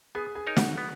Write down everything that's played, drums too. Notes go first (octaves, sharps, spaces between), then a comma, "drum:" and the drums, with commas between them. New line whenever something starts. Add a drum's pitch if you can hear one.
B3 G#4 G#5
G#4 G#5
D#4 A#4 C#5
F#4 F#5, drum: snare
B3